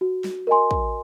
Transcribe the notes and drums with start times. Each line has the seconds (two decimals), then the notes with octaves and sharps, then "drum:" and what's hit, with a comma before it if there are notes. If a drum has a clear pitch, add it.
0.01 F#4
0.24 drum: snare
0.47 A#4 D#5 G#5 C6
0.71 drum: kick